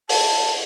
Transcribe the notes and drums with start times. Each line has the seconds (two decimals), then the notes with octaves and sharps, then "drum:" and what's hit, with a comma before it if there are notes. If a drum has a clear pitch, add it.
0.09 A5, drum: open hi-hat